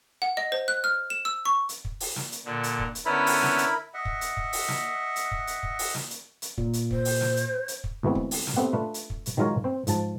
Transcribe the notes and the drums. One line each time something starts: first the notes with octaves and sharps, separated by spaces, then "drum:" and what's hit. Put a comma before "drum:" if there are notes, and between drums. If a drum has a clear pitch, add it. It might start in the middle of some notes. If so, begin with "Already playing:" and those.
F#5
D#5
C5
F#6
F6
E7
E6
C#6
drum: hi-hat
drum: kick
drum: open hi-hat
drum: snare
drum: hi-hat
A#2 D3
drum: hi-hat
drum: kick
drum: hi-hat
D3 B3 C#4 E4 A#4 B5
drum: open hi-hat
drum: snare
drum: hi-hat
D#5 E5 F#5
drum: kick
drum: hi-hat
drum: kick
drum: open hi-hat
drum: snare
drum: hi-hat
drum: kick
drum: hi-hat
drum: kick
drum: open hi-hat
drum: snare
drum: hi-hat
drum: hi-hat
A#2, drum: kick
drum: hi-hat
C5, drum: kick
drum: open hi-hat
drum: snare
drum: hi-hat
drum: hi-hat
drum: kick
D2 E3 G#3 B3 C4
drum: kick
drum: open hi-hat
drum: snare
A3 B3 C4 G4 F#5
A3 D4 F4 B4
drum: hi-hat
drum: kick
drum: hi-hat
D#3 F#3 G#3 F4 A#4 C#5
C4 C5
G#2 F3 A5, drum: hi-hat